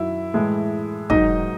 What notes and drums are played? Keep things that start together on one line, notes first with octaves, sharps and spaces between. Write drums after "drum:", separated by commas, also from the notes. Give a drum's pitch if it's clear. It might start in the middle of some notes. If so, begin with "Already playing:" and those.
Already playing: F#2 D#3 F#3 E4
A2 E3 G#3
G#2 D#3 F#3 D#4 D#5, drum: kick